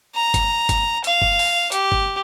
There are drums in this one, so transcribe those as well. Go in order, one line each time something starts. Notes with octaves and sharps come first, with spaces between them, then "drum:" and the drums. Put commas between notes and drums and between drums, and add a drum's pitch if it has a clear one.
A#5
drum: kick G1, hi-hat
drum: kick G1, hi-hat
F5, drum: hi-hat
drum: kick G1
drum: open hi-hat
G4, drum: hi-hat
drum: kick G1